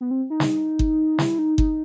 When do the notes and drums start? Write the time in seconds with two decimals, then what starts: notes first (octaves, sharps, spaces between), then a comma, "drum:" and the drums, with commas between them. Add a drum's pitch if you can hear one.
0.01 B3
0.11 C4
0.30 D#4
0.40 drum: snare
0.79 drum: kick G1
1.18 E4, drum: snare
1.39 D#4
1.58 D#4, drum: kick G1